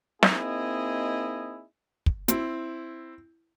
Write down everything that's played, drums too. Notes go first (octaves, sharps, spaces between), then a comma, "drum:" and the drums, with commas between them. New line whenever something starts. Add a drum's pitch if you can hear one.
A#3 C4 D#4 E4 G#4 D#5, drum: snare
drum: kick
C4 E4, drum: hi-hat